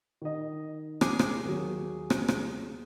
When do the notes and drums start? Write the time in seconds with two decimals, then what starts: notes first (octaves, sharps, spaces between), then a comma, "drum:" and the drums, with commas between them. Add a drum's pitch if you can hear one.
0.22 D#3 D#5
1.01 G#4 G#5 D6, drum: rim click
1.19 drum: rim click
1.45 D#2 F#3
2.10 drum: rim click
2.28 drum: rim click